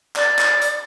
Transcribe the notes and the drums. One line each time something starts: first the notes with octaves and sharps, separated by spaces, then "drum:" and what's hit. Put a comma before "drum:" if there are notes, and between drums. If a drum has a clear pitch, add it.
D5, drum: clap
drum: clap
drum: hi-hat